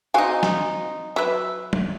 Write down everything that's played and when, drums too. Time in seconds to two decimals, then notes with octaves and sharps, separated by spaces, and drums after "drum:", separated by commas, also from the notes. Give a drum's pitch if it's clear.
0.14 C4 D#4 F#4 F5 G#5
0.43 drum: snare
1.16 F#3 B4 E5
1.73 drum: tom